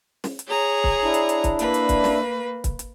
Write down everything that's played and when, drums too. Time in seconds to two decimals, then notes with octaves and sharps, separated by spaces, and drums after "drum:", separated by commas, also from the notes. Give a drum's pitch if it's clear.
0.24 drum: snare
0.39 drum: hi-hat
0.48 G#4 C#5 A#5
0.84 drum: kick
1.03 D4 E4
1.14 drum: hi-hat
1.29 drum: hi-hat
1.44 drum: kick, hi-hat
1.59 A#3 B4, drum: hi-hat
1.74 drum: hi-hat
1.89 drum: kick, hi-hat
2.04 drum: snare
2.64 drum: kick, hi-hat
2.79 drum: hi-hat